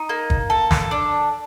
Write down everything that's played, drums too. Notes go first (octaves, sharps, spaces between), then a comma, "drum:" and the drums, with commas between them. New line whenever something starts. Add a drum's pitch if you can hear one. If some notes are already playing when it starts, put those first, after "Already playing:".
Already playing: D#4
A#3
drum: kick
A4
drum: snare
D4